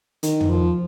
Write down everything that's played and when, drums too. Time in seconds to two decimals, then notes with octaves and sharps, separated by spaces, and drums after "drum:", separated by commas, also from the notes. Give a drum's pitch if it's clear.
0.23 D#3, drum: hi-hat
0.41 drum: tom
0.50 F3